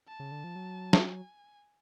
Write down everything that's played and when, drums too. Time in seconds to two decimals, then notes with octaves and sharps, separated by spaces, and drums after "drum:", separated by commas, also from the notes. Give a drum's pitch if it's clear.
0.08 A5
0.20 C#3
0.32 D3
0.44 F3
0.56 F#3
0.93 drum: snare
1.03 G#5